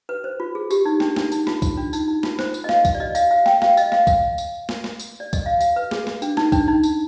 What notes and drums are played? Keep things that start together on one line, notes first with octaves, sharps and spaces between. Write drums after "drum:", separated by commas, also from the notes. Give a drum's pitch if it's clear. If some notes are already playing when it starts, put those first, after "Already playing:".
B4
C5
F4
G#4
G4, drum: tambourine
D#4
D4, drum: snare
D4, drum: snare
D#4, drum: tambourine
F4, drum: snare
drum: kick, tambourine
D4
D#4, drum: tambourine
D#4
F4, drum: snare
C5, drum: snare
drum: tambourine
D#5
F5, drum: snare
drum: kick, tambourine
D5
D#5
F5, drum: tambourine
F5
G5, drum: snare
F5, drum: snare
D#5, drum: tambourine
F5, drum: snare
F5, drum: kick, tambourine
drum: tambourine
drum: snare
drum: snare
drum: tambourine
D5
D#5, drum: kick, tambourine
F5
F5, drum: tambourine
B4
G#4, drum: snare
drum: snare
D4, drum: tambourine
D#4, drum: snare
D4, drum: kick, tambourine
D#4
drum: tambourine